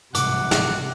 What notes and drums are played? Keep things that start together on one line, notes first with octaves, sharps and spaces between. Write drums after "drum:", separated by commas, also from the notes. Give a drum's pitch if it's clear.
C2 G#2 C3 F#5 D6, drum: hi-hat
drum: snare